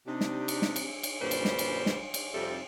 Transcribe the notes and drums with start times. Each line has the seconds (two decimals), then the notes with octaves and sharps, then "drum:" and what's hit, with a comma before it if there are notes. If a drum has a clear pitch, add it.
0.07 C3 D4 D#4
0.21 drum: snare
0.48 drum: cymbal
0.62 drum: snare
0.76 drum: cymbal
1.03 drum: cymbal
1.20 F#2 A#2 D3 G3 B4 C5
1.31 drum: cymbal
1.45 drum: snare
1.59 drum: cymbal
1.86 drum: snare
2.14 drum: cymbal
2.33 F2 C3 G3 A4 C5 E5